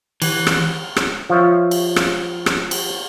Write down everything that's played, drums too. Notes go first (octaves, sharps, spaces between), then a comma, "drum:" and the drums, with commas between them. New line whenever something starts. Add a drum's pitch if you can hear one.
E3, drum: cymbal
drum: rim click
drum: rim click
F3 F4 C#5 E5
drum: cymbal
drum: rim click
drum: rim click
drum: cymbal